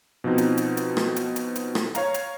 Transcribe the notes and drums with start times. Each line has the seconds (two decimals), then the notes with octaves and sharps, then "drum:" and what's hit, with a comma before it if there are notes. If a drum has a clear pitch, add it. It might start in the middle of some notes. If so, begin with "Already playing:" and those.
0.24 B2 F3 C4 D#4
0.38 drum: hi-hat
0.58 drum: hi-hat
0.77 drum: hi-hat
0.97 drum: rim click
1.16 drum: hi-hat
1.36 drum: hi-hat
1.56 drum: hi-hat
1.75 drum: rim click
1.95 C#5 F5 A#5, drum: hi-hat
2.14 drum: hi-hat